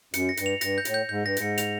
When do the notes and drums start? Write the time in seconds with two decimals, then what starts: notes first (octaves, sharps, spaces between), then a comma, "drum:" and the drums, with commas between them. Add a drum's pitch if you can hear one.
0.14 F#2 C#7, drum: hi-hat
0.29 A#6
0.37 G2, drum: hi-hat
0.46 F7
0.61 G2 A#6, drum: hi-hat
0.78 G6
0.85 A2, drum: hi-hat
0.94 G6
1.09 G#2 G6
1.23 G2 A#6
1.37 G#2, drum: hi-hat
1.42 C#7
1.58 F7, drum: hi-hat